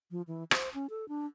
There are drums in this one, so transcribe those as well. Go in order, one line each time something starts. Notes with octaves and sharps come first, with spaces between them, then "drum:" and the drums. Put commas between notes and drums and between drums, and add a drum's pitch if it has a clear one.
F3
E3
C5, drum: rim click
C#4
A4
D4